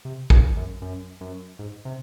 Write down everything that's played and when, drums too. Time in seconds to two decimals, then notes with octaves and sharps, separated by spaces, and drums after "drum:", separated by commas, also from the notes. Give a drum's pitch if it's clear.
0.05 C3
0.30 A#2, drum: kick A1
0.57 F#2
0.82 F#2
1.21 F#2
1.59 G#2
1.85 C3